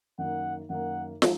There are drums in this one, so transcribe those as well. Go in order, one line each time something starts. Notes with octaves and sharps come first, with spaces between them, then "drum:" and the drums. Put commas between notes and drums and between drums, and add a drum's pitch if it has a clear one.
F#2 D#3 A#3 F#5
F#2 D#3 A#3 F#5
F3 G#3 D#4, drum: snare